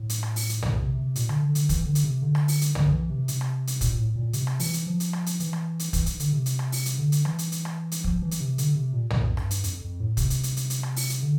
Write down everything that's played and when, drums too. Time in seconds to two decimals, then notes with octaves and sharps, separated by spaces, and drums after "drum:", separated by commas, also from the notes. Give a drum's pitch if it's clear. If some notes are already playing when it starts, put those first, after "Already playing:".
Already playing: A2
0.10 drum: hi-hat
0.23 drum: rim click
0.36 drum: open hi-hat
0.49 drum: hi-hat
0.63 A#2, drum: tom
0.80 C3
0.98 C3
1.16 A#2, drum: hi-hat
1.29 D3, drum: rim click
1.42 D3
1.55 D3, drum: hi-hat
1.69 E3, drum: kick, hi-hat
1.86 D3
1.95 drum: hi-hat
2.04 C3
2.22 D3
2.35 drum: rim click
2.48 drum: open hi-hat
2.61 drum: hi-hat
2.75 D3, drum: tom
2.92 E3
3.10 C3
3.28 C3, drum: hi-hat
3.41 drum: rim click
3.67 drum: hi-hat
3.81 A#2, drum: kick, hi-hat
3.98 A2
4.16 A#2
4.33 C3, drum: hi-hat
4.47 drum: rim click
4.60 E3, drum: open hi-hat
4.73 drum: hi-hat
4.87 F3
5.00 drum: hi-hat
5.13 drum: rim click
5.26 drum: hi-hat
5.40 E3, drum: hi-hat
5.53 drum: rim click
5.79 drum: hi-hat
5.93 E3, drum: kick, hi-hat
6.06 drum: hi-hat
6.20 D3, drum: hi-hat
6.33 C3
6.46 drum: hi-hat
6.59 drum: rim click
6.72 drum: open hi-hat
6.86 drum: hi-hat
6.98 D3
7.12 drum: hi-hat
7.25 E3, drum: rim click
7.39 drum: hi-hat
7.52 drum: hi-hat
7.65 drum: rim click
7.92 drum: hi-hat
8.04 F3, drum: kick
8.22 E3
8.31 drum: hi-hat
8.40 C3
8.58 D3, drum: hi-hat
8.75 C3
8.93 A#2
9.10 A#2, drum: tom
9.29 F2
9.37 G2, drum: rim click
9.51 drum: hi-hat
9.64 F2, drum: hi-hat
9.81 F2
10.00 A2
10.17 C3, drum: kick, hi-hat
10.30 drum: hi-hat
10.43 drum: hi-hat
10.57 drum: hi-hat
10.70 drum: hi-hat
10.83 drum: rim click
10.96 drum: open hi-hat
11.10 drum: hi-hat
11.22 D3